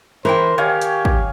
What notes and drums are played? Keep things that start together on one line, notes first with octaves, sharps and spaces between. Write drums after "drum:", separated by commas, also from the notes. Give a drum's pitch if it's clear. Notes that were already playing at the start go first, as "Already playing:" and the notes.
E3 E4 A#4 C5 G5
D#3 G4 C#5 F5 G#5
drum: hi-hat
drum: kick